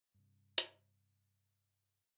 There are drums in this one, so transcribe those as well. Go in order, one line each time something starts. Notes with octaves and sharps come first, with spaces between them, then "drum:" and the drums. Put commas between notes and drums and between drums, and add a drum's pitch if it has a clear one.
G2 C3
drum: hi-hat